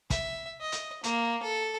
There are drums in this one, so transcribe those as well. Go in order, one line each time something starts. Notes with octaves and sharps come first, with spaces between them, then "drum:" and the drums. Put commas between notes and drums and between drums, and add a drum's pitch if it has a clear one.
E5, drum: kick, hi-hat
D#5
drum: hi-hat
A#3, drum: hi-hat
A4